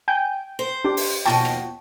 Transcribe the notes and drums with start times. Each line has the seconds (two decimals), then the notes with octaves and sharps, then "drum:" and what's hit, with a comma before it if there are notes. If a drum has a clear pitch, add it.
0.08 G5 G#5 G6
0.59 C5
0.85 D4 G4
0.97 drum: open hi-hat
1.25 D#2 B2 F3 G5 A5 C#6
1.45 drum: rim click